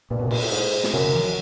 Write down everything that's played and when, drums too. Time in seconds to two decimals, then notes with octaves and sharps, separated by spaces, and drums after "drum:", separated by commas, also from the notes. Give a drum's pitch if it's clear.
0.11 G2 A#2
0.19 F#2 B2
0.27 A#2
0.31 G2, drum: cymbal
0.41 A2
0.51 G#2
0.84 drum: snare
0.93 F#2 C3
1.04 C#3
1.15 E3
1.25 F3